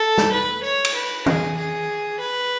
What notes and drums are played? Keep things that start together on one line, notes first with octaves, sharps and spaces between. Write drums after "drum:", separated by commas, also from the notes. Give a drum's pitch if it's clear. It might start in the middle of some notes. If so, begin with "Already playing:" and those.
Already playing: A4
drum: snare
B4
C#5
drum: cymbal
B4
G#4, drum: tom
G#4
B4